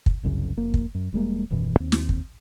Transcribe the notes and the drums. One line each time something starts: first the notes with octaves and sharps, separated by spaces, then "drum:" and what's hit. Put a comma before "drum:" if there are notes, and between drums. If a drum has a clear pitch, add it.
drum: kick
G1 C2 F#2 C#3
F1 A#3
drum: kick
F#2
E1 G3 G#3 A#3
D#1 F#2 B2 E3
D#2 C4
drum: snare
drum: kick